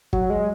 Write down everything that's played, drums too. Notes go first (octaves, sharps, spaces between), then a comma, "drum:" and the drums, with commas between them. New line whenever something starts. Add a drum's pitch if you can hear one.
F#3, drum: kick
G#3